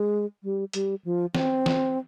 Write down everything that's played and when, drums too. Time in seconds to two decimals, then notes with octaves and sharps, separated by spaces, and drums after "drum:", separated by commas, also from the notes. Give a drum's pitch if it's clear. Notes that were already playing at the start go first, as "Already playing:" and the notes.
Already playing: G#3
0.43 G3
0.73 G3, drum: hi-hat
1.04 F3
1.35 C4, drum: snare
1.66 drum: snare